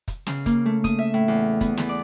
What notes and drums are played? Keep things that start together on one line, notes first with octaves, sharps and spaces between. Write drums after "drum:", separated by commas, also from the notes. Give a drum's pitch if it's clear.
drum: kick, hi-hat
C#3, drum: snare
A#3, drum: kick, hi-hat
A3
D#6, drum: kick, hi-hat
E5
A2
E2
B3, drum: kick, hi-hat
E2, drum: snare
D5